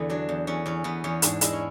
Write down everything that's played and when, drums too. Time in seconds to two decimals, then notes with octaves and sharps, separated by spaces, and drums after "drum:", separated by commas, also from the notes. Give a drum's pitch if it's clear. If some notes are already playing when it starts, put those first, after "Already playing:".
Already playing: E2 D3 B3
0.10 F#3 D4
0.29 E2
0.47 E2 C#4
0.66 E2 C#4
0.84 E2 B3
1.04 E2 C#4
1.22 G#2 D4, drum: hi-hat
1.41 G#3 E4, drum: hi-hat
1.53 C#4